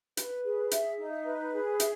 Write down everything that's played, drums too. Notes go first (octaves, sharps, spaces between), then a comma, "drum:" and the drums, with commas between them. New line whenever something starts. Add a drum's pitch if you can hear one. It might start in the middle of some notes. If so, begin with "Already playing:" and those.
B4, drum: hi-hat
G#4
E5, drum: hi-hat
D#4
B4
G#4
E5, drum: hi-hat